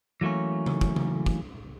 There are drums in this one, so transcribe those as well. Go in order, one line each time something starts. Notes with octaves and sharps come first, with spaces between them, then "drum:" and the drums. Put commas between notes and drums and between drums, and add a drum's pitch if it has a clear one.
E3 F#3 A3 A#3 C#4
drum: tom C#3
drum: kick
drum: tom C#3
drum: kick